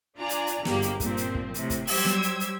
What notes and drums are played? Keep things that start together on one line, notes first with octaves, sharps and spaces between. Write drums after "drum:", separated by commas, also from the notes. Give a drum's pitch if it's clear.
D4 F4 D5 G#5 A#5
drum: hi-hat
drum: hi-hat
G1 E2 A#3 G4, drum: snare
drum: hi-hat
G2 A#2 F3 C4, drum: kick, hi-hat
drum: hi-hat
drum: kick
A2 C3, drum: hi-hat
drum: kick, hi-hat
F#3 G3 G4 C5 E6 G#6, drum: open hi-hat
drum: snare
drum: hi-hat
drum: hi-hat